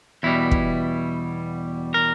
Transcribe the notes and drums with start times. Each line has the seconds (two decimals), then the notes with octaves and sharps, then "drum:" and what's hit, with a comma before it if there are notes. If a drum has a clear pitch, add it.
0.23 E2 B2 G3 E4
0.51 drum: kick
1.94 A#4